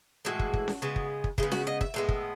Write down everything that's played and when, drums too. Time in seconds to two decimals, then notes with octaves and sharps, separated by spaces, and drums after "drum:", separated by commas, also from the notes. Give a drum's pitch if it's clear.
0.25 A2 E3 G#3 F#4
0.39 drum: kick
0.54 drum: kick
0.68 drum: snare C#4
0.82 C#3 G#3 B3
0.96 drum: kick
1.24 drum: kick
1.38 C#3 G#3 B3 E4, drum: kick
1.52 F#4, drum: snare C#4
1.67 D#5
1.81 E5, drum: kick
1.94 A2 G#3 B3
2.09 drum: kick